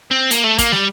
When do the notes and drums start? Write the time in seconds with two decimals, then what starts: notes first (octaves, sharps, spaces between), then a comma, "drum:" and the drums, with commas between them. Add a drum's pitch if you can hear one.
0.11 C4
0.31 A#3, drum: hi-hat
0.44 A3
0.58 A#3, drum: kick, hi-hat
0.72 G3, drum: snare